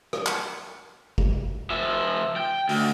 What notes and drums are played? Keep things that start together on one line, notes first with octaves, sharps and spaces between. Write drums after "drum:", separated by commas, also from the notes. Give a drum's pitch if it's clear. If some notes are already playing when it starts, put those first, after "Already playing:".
drum: rim click
drum: clap
drum: kick G1
F3 E5
G5
D2, drum: open hi-hat